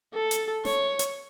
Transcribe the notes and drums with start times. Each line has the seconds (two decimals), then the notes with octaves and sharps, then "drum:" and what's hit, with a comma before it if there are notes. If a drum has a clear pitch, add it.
0.14 A4
0.31 drum: hi-hat
0.65 C#5, drum: snare
0.99 drum: hi-hat